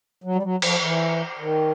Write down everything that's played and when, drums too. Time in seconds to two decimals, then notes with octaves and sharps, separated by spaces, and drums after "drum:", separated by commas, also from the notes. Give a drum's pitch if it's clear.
0.24 F#3
0.35 G3
0.43 F#3
0.62 F3, drum: cymbal
0.81 E3
1.39 D#3